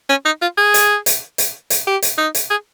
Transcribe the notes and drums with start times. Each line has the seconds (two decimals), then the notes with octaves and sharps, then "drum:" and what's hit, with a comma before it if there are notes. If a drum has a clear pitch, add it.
0.09 C#4
0.26 D#4
0.42 F4
0.58 G#4
0.74 drum: hi-hat
1.06 drum: hi-hat
1.38 drum: hi-hat
1.70 drum: hi-hat
1.87 G4
2.02 drum: hi-hat
2.18 D#4
2.35 drum: hi-hat
2.51 G#4